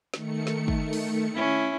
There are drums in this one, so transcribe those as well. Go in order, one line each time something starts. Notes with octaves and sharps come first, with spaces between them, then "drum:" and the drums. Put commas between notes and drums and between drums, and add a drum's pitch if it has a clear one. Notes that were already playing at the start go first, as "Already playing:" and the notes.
D#3 A3 C#7, drum: snare
drum: snare
drum: kick
drum: open hi-hat
C#4 E4